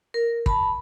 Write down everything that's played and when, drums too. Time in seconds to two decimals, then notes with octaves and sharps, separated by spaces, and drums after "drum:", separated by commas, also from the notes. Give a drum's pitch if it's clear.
0.14 A#4
0.46 A5 B5, drum: kick